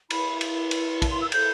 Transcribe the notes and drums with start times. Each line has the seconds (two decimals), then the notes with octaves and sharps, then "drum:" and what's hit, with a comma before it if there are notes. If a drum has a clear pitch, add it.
0.10 E4 B4 B5, drum: cymbal
0.41 drum: cymbal
0.71 drum: cymbal
1.02 A5, drum: kick A#1, cymbal
1.11 C6
1.21 E6
1.32 E4 A4 C5 G6, drum: cymbal